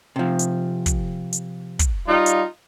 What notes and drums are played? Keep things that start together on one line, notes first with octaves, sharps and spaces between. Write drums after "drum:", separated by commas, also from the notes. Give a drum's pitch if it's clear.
C3 F3
drum: hi-hat
drum: kick, hi-hat
drum: hi-hat
drum: kick, hi-hat
G3 D#4 F4
drum: hi-hat